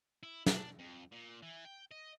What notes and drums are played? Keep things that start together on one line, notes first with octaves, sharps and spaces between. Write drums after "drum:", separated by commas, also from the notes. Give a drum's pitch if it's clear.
E4
D4, drum: snare
F2
A#2
E3
G5
D#5